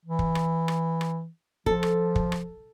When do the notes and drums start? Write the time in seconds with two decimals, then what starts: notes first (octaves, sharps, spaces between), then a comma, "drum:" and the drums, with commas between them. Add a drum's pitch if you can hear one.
0.05 E3
0.19 drum: kick
0.35 drum: rim click
0.68 drum: rim click
1.01 drum: rim click
1.66 F3 A4, drum: kick
1.83 drum: rim click
2.15 drum: kick
2.32 drum: rim click